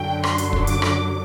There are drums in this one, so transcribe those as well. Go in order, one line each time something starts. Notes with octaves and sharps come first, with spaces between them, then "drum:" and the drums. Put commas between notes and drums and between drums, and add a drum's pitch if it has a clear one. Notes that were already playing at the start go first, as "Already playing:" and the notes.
Already playing: F#2 D3 F#3 G5
C6, drum: rim click
drum: hi-hat
drum: kick
D6, drum: hi-hat
drum: rim click